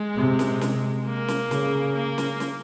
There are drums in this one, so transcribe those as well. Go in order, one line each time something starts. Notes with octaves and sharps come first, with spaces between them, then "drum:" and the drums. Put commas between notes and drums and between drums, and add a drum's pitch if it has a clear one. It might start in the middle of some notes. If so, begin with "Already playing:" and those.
Already playing: G#3
C3
drum: snare
drum: snare
A#3
drum: snare
C#3, drum: snare
A#3
drum: snare
drum: snare